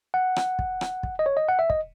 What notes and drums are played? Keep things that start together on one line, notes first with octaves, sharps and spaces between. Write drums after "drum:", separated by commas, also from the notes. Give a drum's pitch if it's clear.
F#5
drum: rim click
drum: kick
drum: rim click
drum: kick
D#5
C#5
D#5
F#5
E5
D#5, drum: kick